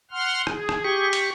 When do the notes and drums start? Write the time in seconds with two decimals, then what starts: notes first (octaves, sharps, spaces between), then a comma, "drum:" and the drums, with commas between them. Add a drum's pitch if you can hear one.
0.11 F#5 C6 F6
0.47 G#4, drum: rim click
0.69 drum: rim click
0.84 G4 C#6
1.13 drum: cymbal